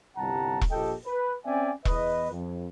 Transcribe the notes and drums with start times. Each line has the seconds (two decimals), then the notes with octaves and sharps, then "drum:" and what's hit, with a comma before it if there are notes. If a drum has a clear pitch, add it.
0.17 G1 C2 G3 F#5 A5 A#5
0.61 drum: kick E1
0.70 A#1 A#2 G4 A4 D#5 G5
1.05 B4
1.45 C4 C#4 D5 E5 G5 G#5
1.85 E2 B4 D#5, drum: kick E1
2.32 F2